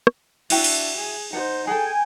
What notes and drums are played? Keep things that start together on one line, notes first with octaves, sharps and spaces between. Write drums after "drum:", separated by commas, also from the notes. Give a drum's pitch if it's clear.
drum: rim click
D4 E4 F#4 E5 G5, drum: cymbal
drum: open hi-hat
G#4
D#4 C5 F#5
G#4 A4 G5 G#5